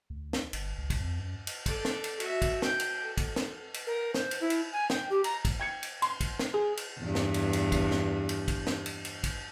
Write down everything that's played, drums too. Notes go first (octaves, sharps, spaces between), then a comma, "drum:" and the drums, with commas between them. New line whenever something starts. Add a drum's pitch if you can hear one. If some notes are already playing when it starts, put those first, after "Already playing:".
D2
drum: snare
G1, drum: cymbal
C#2
drum: kick, cymbal
F2
F#2
drum: cymbal
A4 D5, drum: kick, cymbal
drum: snare
drum: cymbal
F#4 E5, drum: cymbal
drum: kick, cymbal
G5, drum: snare
drum: cymbal
A4
drum: kick, cymbal
drum: snare
drum: cymbal
A#4
C5, drum: snare
drum: cymbal
E4
drum: cymbal
G#5
G5, drum: snare
G4
A#5, drum: cymbal
drum: kick, cymbal
G5 G#6 C#7
drum: cymbal
C6, drum: cymbal
drum: kick, cymbal
drum: snare
G#4
drum: cymbal
E2 G2
drum: snare
drum: cymbal
drum: cymbal
drum: kick, cymbal
drum: snare
drum: cymbal
drum: kick, cymbal
drum: snare
drum: cymbal
drum: cymbal
drum: kick, cymbal